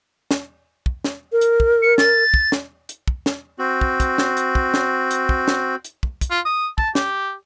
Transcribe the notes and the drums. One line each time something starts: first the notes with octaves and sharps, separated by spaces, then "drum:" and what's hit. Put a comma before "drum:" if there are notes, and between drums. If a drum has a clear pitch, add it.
drum: snare
drum: kick
drum: snare
A#4
drum: hi-hat
drum: kick
C#7
A6, drum: snare
drum: kick
drum: snare
drum: hi-hat
drum: kick
drum: snare
C4 F#4
drum: kick
drum: kick, hi-hat
drum: snare
drum: hi-hat
drum: kick
drum: snare
drum: hi-hat
drum: kick
drum: snare
drum: hi-hat
drum: kick
drum: kick, hi-hat
F4
D#6
A5, drum: kick
G4, drum: snare